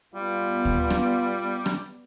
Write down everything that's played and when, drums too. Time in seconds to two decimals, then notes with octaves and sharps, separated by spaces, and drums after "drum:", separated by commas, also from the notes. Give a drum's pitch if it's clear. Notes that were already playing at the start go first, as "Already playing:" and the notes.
0.15 G3 B3 F4
0.65 drum: kick D2
0.90 drum: rim click
1.66 drum: rim click